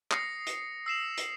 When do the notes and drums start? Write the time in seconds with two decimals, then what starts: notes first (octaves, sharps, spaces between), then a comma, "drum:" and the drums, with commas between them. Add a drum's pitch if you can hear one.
0.11 D#6 A#6 C7 C#7, drum: clap
0.47 drum: hi-hat
0.86 E6 C7 E7 F7
1.18 drum: hi-hat